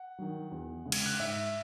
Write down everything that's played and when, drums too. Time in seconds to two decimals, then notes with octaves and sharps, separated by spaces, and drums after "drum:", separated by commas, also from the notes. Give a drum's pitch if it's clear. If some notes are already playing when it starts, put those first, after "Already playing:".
Already playing: F#5
0.19 D#3 F#3
0.51 E2
0.85 C#3 G#3
0.92 G#6, drum: cymbal
1.06 F#6
1.19 G#2 E5 E6